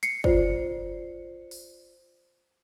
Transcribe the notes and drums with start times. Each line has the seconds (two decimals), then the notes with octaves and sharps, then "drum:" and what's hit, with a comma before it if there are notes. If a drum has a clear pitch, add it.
0.03 C7 C#7, drum: hi-hat
0.24 F4 C5 D5, drum: kick
1.51 drum: open hi-hat